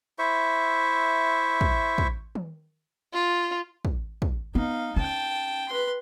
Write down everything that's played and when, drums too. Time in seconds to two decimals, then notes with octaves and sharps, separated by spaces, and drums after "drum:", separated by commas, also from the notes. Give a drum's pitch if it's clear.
0.19 E4 C5 E5 C#6
1.61 drum: kick
1.98 drum: kick
2.35 drum: tom
3.14 F4
3.85 drum: kick
4.22 drum: kick
4.55 B3 D#4 F5
4.96 C#4 G5 A5
5.68 B4 C6